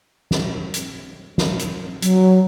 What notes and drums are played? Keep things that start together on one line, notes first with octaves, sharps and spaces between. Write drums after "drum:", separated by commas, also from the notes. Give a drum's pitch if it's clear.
drum: snare
drum: hi-hat
drum: snare
drum: hi-hat
F#3, drum: hi-hat